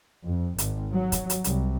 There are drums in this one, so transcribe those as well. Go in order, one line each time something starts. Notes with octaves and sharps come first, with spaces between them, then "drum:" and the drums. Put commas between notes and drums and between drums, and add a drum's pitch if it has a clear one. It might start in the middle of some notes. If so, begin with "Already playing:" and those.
F2
G#1, drum: hi-hat
F#3
drum: kick, hi-hat
drum: hi-hat
C2, drum: hi-hat